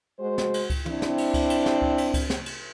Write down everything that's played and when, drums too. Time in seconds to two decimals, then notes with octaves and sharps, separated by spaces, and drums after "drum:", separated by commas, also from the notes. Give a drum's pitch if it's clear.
0.19 G#3 F#4 C5
0.38 drum: snare
0.54 drum: cymbal
0.70 drum: kick C#2, cymbal
0.86 C4 D4 E4, drum: tom
1.02 drum: snare
1.18 drum: cymbal
1.34 drum: kick C#2, cymbal
1.50 drum: cymbal
1.66 drum: snare
1.82 drum: kick C#2
1.98 drum: cymbal
2.14 drum: kick C#2, cymbal
2.30 drum: snare
2.46 drum: cymbal